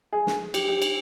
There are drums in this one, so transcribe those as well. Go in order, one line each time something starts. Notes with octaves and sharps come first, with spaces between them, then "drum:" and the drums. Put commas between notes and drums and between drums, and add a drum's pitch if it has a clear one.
G#4
drum: snare
G4, drum: cymbal
G4
drum: cymbal